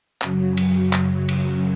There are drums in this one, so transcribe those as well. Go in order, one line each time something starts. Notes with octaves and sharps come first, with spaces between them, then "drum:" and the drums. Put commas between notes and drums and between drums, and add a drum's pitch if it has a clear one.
F#2 C#3 F#3, drum: clap
drum: cymbal
drum: clap
drum: cymbal